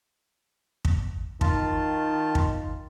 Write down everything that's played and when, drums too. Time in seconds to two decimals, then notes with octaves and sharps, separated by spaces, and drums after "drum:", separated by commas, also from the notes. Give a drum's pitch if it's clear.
0.85 drum: kick
1.41 D#3 F4 A5, drum: kick
2.35 drum: kick